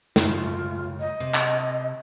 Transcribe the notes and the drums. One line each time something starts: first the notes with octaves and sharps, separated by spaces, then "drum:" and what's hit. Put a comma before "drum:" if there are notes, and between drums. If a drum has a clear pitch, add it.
F#2 A2 C#3 F4, drum: snare
D#5
C3
drum: clap